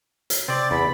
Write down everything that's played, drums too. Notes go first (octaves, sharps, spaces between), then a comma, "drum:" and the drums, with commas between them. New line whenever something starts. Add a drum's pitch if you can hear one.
drum: hi-hat
C3 C4 D5 A6
E2 B5